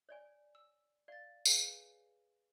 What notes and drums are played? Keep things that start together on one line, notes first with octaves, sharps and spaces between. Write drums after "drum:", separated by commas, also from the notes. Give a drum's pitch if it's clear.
C#5 D5 G#5
E6
D5 F5 A6
G#4 B4 C#5 F5 G#5, drum: tambourine